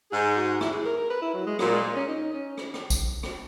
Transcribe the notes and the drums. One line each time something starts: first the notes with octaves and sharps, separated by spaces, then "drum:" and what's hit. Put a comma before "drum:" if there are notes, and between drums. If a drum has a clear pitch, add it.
G#2 G#4
F#4
E4, drum: rim click
G#4
A#4
A#4
B4
E4
F#3
G#3
A#2 F#3, drum: rim click
G#3
A#3
C#4
D#4
C#4
drum: rim click
drum: rim click
drum: kick B1, tambourine
drum: rim click